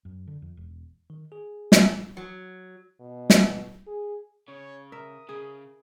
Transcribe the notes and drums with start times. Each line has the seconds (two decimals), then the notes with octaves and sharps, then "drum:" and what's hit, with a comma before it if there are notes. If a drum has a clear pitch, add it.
0.05 F#2
0.27 D3
0.42 F2
0.57 E1
1.10 D#3
1.32 G#4
1.72 drum: snare
2.17 F#3
3.00 B2
3.30 drum: snare
3.87 G#4
4.48 C#3 C#5
4.92 A#4 E5 D#6
5.29 C#3 G#4